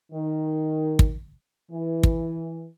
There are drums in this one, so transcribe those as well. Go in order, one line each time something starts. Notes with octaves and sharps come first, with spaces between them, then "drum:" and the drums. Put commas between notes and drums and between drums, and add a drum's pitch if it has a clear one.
D#3
drum: kick
E3
drum: kick